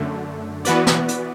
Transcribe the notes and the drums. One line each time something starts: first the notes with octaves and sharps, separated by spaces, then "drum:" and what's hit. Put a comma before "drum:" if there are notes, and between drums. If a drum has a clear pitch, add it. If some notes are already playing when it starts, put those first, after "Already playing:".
Already playing: F#2 D3 A3
E3 B3 F#4 B4 D5, drum: hi-hat
drum: snare
drum: hi-hat